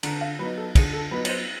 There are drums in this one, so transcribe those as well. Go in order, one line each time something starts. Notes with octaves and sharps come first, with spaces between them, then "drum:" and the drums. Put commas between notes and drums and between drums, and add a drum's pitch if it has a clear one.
D3 A#5, drum: cymbal
F5
F#3 B3 D#4 B4
A4
D3 G#4, drum: kick, cymbal
A4
F#3 B3 D#4 B4
C#5, drum: cymbal
C5